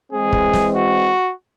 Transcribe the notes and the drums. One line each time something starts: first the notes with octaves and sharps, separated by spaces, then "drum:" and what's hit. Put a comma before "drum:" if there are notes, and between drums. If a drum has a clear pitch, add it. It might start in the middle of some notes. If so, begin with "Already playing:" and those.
E3 G#3 C4 G#4
drum: kick
drum: snare
F#4